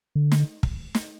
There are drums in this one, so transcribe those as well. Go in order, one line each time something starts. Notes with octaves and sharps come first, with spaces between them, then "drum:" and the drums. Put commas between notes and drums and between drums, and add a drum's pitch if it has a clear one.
D3
drum: snare
drum: kick
drum: snare